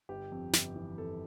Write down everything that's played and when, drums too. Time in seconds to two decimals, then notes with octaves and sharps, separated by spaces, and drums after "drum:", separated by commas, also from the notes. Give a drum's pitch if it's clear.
0.09 G1 G4
0.32 F2
0.53 G1, drum: snare
0.76 E3
0.97 F2 A4